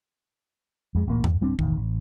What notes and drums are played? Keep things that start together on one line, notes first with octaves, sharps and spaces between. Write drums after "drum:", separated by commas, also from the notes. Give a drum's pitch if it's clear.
F2 G#3
D1 A1 A#2 A#3
E2, drum: tom G2
D1 G3 C4 D4
E1 A1 D#2 D#3, drum: kick
A1